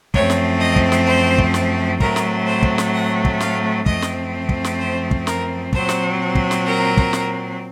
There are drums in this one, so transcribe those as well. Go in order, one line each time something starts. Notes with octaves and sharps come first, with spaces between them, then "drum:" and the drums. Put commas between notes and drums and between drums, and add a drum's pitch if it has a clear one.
F#2 F3 A3 C4 C#5, drum: kick
drum: snare
D#5
drum: kick
drum: snare
C5
drum: kick
drum: snare
A2 F#3 A3 C4 A#4, drum: kick
drum: snare
C5
drum: kick
drum: snare
F#5
drum: kick
F5, drum: snare
F#2 F3 A3 C4 D#5, drum: kick
drum: snare
drum: kick
drum: snare
C5
drum: kick
A#4, drum: snare
A#2 F#3 C4 C5, drum: kick
drum: snare
drum: kick
drum: snare
A#4
drum: kick
drum: snare